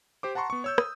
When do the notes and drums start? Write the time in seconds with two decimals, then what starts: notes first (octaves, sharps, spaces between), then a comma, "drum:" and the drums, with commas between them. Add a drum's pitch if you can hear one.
0.23 G4 C5 D6
0.35 F#5 A5 A#5 C6 C#6
0.50 B3 C#6
0.64 C#5 E6 G6
0.78 D#6 E6, drum: rim click